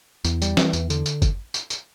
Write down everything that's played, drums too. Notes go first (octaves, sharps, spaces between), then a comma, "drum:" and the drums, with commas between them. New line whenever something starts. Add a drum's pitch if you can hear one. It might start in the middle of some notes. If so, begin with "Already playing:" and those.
E2, drum: tambourine
G3, drum: tambourine
E3, drum: snare
E2, drum: tambourine
D3, drum: tambourine
drum: tambourine
drum: kick, tambourine
drum: tambourine
drum: tambourine